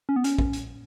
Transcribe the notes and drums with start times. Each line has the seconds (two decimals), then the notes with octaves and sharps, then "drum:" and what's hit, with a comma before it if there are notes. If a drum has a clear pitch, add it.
0.09 C#4
0.16 B3
0.24 C#4, drum: hi-hat
0.39 drum: kick
0.53 drum: hi-hat